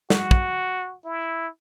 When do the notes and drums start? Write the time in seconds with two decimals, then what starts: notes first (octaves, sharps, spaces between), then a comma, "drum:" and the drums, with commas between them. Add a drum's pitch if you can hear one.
0.10 F#4, drum: snare
0.31 drum: kick
1.05 E4